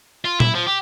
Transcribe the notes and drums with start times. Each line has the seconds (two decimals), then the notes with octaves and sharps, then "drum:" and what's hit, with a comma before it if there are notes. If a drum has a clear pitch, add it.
0.24 F4
0.40 E4, drum: tom A#2
0.55 F3
0.67 G4